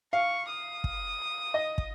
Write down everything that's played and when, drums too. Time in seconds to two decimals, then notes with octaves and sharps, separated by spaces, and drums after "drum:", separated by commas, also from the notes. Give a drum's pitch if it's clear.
0.13 F5 C#6
0.49 D#6
0.84 drum: kick
1.54 D#5
1.78 drum: kick